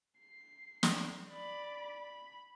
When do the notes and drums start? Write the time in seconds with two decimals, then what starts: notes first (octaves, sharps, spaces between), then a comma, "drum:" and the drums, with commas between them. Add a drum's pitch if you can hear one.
0.20 C7
0.83 drum: snare
1.31 D5 B5
1.90 B5